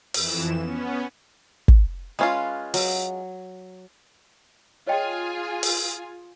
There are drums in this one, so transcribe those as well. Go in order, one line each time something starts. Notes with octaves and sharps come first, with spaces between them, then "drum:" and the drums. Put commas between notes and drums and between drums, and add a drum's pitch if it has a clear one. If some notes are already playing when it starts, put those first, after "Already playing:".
F2 E3 E7, drum: open hi-hat
B3 C#4
drum: kick
G#3 C#4 F4 B4 F5
F#3, drum: open hi-hat
F4 G#4 C#5 D#5 G5 G#5
drum: open hi-hat